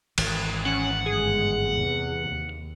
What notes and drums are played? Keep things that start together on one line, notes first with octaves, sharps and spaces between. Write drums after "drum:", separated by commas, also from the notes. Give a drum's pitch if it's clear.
G#1 E3, drum: cymbal
C#4 F#5
G1 G#3 G#4
E2 C3
D#2